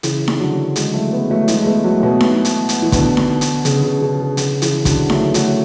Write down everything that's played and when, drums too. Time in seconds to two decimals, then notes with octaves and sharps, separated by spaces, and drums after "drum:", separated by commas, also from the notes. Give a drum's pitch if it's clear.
0.03 C#3 E3, drum: hi-hat
0.28 drum: snare D#4
0.39 D3 F#3
0.76 E3 G#3, drum: hi-hat
0.93 F#3 A3
1.12 G#3 B3
1.30 F#3 A3
1.48 E3 G#3, drum: hi-hat
1.62 A3
1.66 G#3 B3
1.84 F#3 A3
2.03 B2
2.21 drum: snare D#4
2.45 drum: hi-hat
2.69 drum: hi-hat
2.82 E3
2.92 B2 D3, drum: kick, hi-hat
3.17 drum: snare D#4
3.41 drum: hi-hat
3.65 C#3, drum: hi-hat
3.83 C#3
4.02 C#3
4.20 C#3
4.37 C#3, drum: hi-hat
4.62 C#3 E3, drum: hi-hat
4.85 D3 F#3, drum: kick, hi-hat
5.10 F#3 A3, drum: snare D#4
5.34 F#3 A3, drum: hi-hat